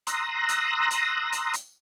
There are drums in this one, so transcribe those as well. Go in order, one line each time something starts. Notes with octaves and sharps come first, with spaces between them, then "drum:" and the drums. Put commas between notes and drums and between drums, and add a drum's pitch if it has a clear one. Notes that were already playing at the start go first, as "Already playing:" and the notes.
A#5 C6 D#6 E6 F#6 A#6, drum: hi-hat
drum: hi-hat
drum: hi-hat
drum: hi-hat
drum: hi-hat